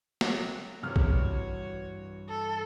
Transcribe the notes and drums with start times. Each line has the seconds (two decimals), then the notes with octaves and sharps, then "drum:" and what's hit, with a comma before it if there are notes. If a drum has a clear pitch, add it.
0.21 F#3, drum: snare
0.83 G2 C3 E3 F#4 C#5 F6
0.96 drum: kick
2.29 A4